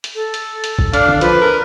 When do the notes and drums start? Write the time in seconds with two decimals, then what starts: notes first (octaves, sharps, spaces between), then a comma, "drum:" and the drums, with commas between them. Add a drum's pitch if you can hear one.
0.04 drum: hi-hat
0.15 A4
0.34 drum: hi-hat
0.64 drum: hi-hat
0.79 drum: kick
0.94 D4 F5, drum: hi-hat
1.08 drum: tom
1.21 F3 B4, drum: hi-hat
1.41 A#4